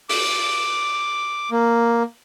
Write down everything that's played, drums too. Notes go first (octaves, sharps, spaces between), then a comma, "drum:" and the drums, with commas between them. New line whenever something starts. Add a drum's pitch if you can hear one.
D6, drum: open hi-hat
A#3